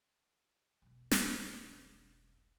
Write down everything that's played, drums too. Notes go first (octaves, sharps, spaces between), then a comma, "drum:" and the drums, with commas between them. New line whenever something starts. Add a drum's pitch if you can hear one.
E1 B1
drum: snare